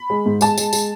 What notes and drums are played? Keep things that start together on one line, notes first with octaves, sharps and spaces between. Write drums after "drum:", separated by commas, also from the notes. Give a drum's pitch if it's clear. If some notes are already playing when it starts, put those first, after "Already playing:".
Already playing: B5
G#3
G#2
G#3 A5, drum: tambourine
G#3, drum: tambourine
G#3, drum: tambourine